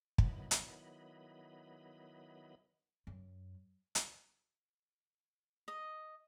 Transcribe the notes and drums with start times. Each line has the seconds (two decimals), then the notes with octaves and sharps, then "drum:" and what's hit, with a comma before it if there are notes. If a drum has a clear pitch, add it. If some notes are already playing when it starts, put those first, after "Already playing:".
0.18 D#3 F#3 B3 E4 D#5 B5, drum: kick
0.51 drum: hi-hat
3.07 F#2
3.95 drum: hi-hat
5.68 D#5